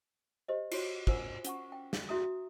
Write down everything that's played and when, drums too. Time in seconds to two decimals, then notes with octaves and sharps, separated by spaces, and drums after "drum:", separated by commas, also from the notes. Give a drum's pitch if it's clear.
0.48 G4 C5 D#5
0.71 F4 F#4 C#5, drum: cymbal
1.07 F4 A#4 C5 F#5 G#5, drum: kick
1.45 C#4 F#5 C#6, drum: hi-hat
1.72 G5
1.93 drum: snare
2.09 F#4 E5 A#5 D#6